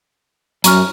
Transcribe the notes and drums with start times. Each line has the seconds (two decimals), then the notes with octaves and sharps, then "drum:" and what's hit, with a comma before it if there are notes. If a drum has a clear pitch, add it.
0.64 F#2 A#5 C#6 F6, drum: hi-hat